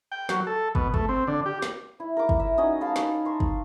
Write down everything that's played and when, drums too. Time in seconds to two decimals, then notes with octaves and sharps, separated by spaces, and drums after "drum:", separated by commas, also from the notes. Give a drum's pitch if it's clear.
0.12 G5
0.29 F#3, drum: snare
0.47 A4
0.75 B2, drum: kick
0.94 A3, drum: kick
1.09 C4
1.27 D3
1.46 G4
1.62 drum: snare
2.00 E4
2.17 A#4 D6
2.29 drum: kick
2.40 E5
2.58 F#3 C#4 D#4 D#5
2.81 F5 A5 B5
2.96 drum: snare
3.25 A5 C6 C#6
3.40 drum: kick